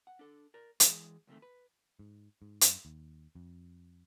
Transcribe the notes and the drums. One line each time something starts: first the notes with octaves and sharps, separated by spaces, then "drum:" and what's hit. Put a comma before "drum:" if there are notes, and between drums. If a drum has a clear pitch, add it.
F#5
D4 A4
A#4 D5
E3 G#3 G#4 D5, drum: hi-hat
C#2 F#2 C3 D#3 A3
B4
G#2
G#2
F#2, drum: hi-hat
D#2
F2